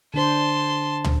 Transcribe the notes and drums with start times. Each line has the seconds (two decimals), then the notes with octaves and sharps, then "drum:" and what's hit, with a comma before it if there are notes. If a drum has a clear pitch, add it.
0.14 D3 D4 C5 A5 C6
1.04 drum: tom